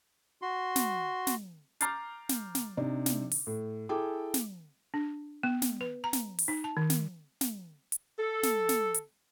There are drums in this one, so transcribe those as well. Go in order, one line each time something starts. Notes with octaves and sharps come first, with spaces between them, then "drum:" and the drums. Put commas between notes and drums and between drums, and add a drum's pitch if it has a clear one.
F#4 C6
drum: snare
drum: snare
A#5 D6 F6 G6 A6 C7, drum: hi-hat
drum: snare
drum: snare
C3 D4 D#4
drum: snare
drum: open hi-hat
A2
E4 G#4 A4 G5 D6
drum: snare
D4
B3
drum: snare
B4
A#5
drum: snare
drum: open hi-hat
D#4
A5
D#3
drum: snare
drum: snare
drum: hi-hat
A4
drum: snare
drum: snare
drum: hi-hat